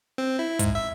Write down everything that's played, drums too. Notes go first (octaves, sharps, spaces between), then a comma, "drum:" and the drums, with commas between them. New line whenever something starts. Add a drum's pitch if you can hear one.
C4
E4
G#2, drum: kick, hi-hat
E5